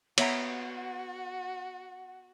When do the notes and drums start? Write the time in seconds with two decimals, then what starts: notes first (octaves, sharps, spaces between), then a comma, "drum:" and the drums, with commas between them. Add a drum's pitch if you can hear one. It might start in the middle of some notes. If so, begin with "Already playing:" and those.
0.18 B3 F#4 C#5 E5 F#5 A#5, drum: cymbal